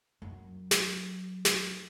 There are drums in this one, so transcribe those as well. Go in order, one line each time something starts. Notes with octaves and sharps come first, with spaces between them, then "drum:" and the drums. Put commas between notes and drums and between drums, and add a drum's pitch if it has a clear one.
F#2 F#3
drum: snare
drum: snare